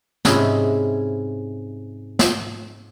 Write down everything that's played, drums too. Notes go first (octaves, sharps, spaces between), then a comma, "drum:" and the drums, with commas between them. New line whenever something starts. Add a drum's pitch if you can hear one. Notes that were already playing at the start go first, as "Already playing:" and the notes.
G#2 C3 C#4 E4 D#5 B5, drum: snare
drum: snare